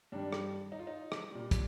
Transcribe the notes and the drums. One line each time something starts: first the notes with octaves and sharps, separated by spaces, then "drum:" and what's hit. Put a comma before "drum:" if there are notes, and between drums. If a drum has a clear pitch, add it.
G2 D#3 G3 D4
drum: rim click
D#4
F4
D#4
drum: rim click
A#2 G3
drum: kick, hi-hat